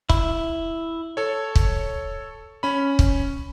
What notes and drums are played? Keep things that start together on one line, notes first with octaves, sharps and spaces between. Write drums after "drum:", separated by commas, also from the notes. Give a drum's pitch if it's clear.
E4, drum: kick
A4 C#5
drum: kick
C#4 B5
drum: kick